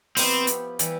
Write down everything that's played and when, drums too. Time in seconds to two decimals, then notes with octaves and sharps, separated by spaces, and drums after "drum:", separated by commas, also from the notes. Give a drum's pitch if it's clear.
0.17 F3 B3 C4 E4 G4, drum: open hi-hat
0.47 drum: hi-hat
0.79 E3 G3, drum: hi-hat